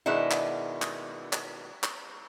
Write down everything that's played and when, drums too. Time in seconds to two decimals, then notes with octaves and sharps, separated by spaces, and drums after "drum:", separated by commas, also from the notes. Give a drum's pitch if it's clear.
0.06 B2 D#3 G#3 B3 D4 E4
0.31 drum: clap
0.82 drum: clap
1.33 drum: clap
1.83 drum: clap